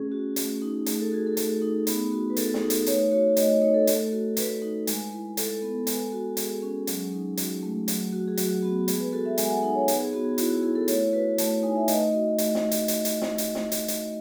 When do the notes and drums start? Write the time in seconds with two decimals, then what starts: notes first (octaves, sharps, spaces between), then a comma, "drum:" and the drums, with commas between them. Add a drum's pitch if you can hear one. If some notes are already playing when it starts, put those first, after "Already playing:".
Already playing: A3 C#4 G#4
0.12 F#4
0.36 A3, drum: hi-hat
0.62 D#4
0.86 A3 G#4, drum: hi-hat
1.00 A4
1.12 F#4 G#4
1.26 A4
1.37 A3 G#4, drum: hi-hat
1.62 D#4
1.87 B3, drum: hi-hat
2.12 F#4
2.30 B4
2.37 B3 A4, drum: hi-hat
2.54 G#4, drum: snare
2.62 D#4
2.70 A4, drum: hi-hat
2.86 A3 C#5, drum: hi-hat
3.11 F#4 C#5
3.37 A3 D#5, drum: hi-hat
3.49 D#5
3.62 D#4 C#5
3.74 A4
3.87 A3, drum: hi-hat
4.12 F#4
4.37 A3 B4, drum: hi-hat
4.62 D#4
4.87 G#3, drum: hi-hat
5.13 E4
5.37 G#3 A4, drum: hi-hat
5.62 B3
5.87 G#3, drum: hi-hat
6.12 F#4
6.37 G#3 G#4, drum: hi-hat
6.62 C#4
6.87 F#3, drum: hi-hat
7.13 D#4
7.37 F#4, drum: hi-hat
7.62 A3
7.88 F#3, drum: hi-hat
8.13 F#4
8.28 G#4
8.37 F#3 F#4, drum: hi-hat
8.62 B3 F#4
8.88 G#3 G#4, drum: hi-hat
9.00 B4
9.12 F#4 A4
9.25 E5
9.38 G#3 G#5, drum: hi-hat
9.50 F#5
9.63 D#4 G#5
9.75 C#5
9.88 B3 G#4, drum: hi-hat
10.00 G#4
10.13 B3 F#4
10.25 G#4
10.38 E4 F#4, drum: hi-hat
10.50 F#4
10.63 E4 G#4
10.75 A4
10.88 A3 C#5, drum: hi-hat
11.13 F#4 B4
11.38 A3 A5, drum: hi-hat
11.51 A5
11.63 D#4 G#5
11.75 E5
11.88 A3 D#5, drum: hi-hat
12.13 F#4
12.38 A3, drum: hi-hat
12.55 drum: snare
12.71 drum: hi-hat
12.88 drum: hi-hat
13.05 drum: hi-hat
13.22 drum: snare
13.38 drum: hi-hat
13.55 drum: snare
13.72 drum: hi-hat
13.88 drum: hi-hat